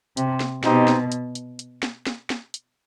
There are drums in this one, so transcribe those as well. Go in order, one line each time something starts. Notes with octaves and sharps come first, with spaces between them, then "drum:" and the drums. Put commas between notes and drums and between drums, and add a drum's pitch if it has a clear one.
C3, drum: hi-hat
drum: snare
B2 C4 D#4 G4, drum: snare
drum: snare
drum: hi-hat
drum: hi-hat
drum: hi-hat
drum: snare
drum: snare
drum: snare
drum: hi-hat